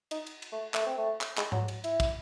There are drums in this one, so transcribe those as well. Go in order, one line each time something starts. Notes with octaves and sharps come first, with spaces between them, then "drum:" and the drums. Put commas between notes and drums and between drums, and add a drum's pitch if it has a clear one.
D#4, drum: cymbal
drum: cymbal
drum: cymbal
A3
A3, drum: clap
C4
A3
drum: clap
G#3, drum: clap
F#3, drum: tom G#2
drum: cymbal
E4, drum: cymbal
drum: kick, cymbal